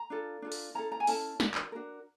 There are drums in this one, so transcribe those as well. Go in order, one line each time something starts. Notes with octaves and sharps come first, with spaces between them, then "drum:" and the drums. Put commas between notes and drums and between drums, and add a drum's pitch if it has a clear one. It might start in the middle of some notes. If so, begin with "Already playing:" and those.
Already playing: A#5
D4 F4 A4
D4 F4 A4
drum: open hi-hat
C#4 E4 A4 A#5
A#5
G#5
C#4 E4 A4 A5, drum: open hi-hat
D4 F#4 A#4, drum: snare
drum: clap
D4 F#4 A#4